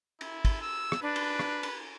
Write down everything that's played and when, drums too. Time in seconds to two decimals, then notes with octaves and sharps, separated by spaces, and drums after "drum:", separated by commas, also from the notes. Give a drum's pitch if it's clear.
0.21 E4, drum: cymbal
0.45 drum: kick, cymbal
0.62 E6
0.92 drum: rim click
1.02 D4 B4
1.16 drum: cymbal
1.39 drum: rim click
1.63 drum: cymbal